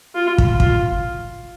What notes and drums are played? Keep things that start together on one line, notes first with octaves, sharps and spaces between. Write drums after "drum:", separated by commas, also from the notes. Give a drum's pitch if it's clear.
F4
drum: kick
F4, drum: kick